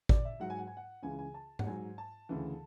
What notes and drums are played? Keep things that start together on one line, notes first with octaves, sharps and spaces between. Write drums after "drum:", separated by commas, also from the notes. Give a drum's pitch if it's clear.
D5, drum: kick G#1
E5
G#2 F#3 F#5
G#5
F#5
G#5
F#5
C#2 C#3 E3 G#5
G#5
A5
F#5, drum: tom G#2
G#2 F#3 G#5
A5
D2 C#3 E3